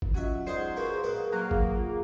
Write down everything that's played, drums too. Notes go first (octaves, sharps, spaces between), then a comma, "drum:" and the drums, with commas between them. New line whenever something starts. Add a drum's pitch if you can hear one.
drum: kick G#1
F#3 C#4 F4 D#5 E5
G#3 D#4 G#4 C5 D5 D#5 F#5
B2 A#3 C#4 G#4
A#2 A#3 B3
F#3 A#3 F#6
drum: kick G#1
F4